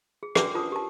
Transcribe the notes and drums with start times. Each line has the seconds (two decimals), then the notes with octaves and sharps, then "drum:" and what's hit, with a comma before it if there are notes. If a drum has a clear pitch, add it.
0.23 G#4
0.35 C#4 D4 F#4 B4 D5 D6, drum: rim click
0.55 F4 A#4 C5 A5 D#6
0.72 G4 A#4 A5